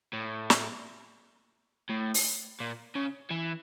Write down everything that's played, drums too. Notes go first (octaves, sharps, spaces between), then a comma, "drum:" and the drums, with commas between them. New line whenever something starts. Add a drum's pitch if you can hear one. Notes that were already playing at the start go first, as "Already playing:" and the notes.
A2
drum: snare
A2
drum: open hi-hat
A#2
C#3
E3